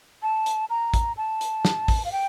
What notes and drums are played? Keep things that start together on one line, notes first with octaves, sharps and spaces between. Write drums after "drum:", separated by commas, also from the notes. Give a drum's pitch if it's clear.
A5
drum: hi-hat
A#5
drum: kick, hi-hat
A5
drum: hi-hat
drum: snare
drum: kick, open hi-hat
F5
G5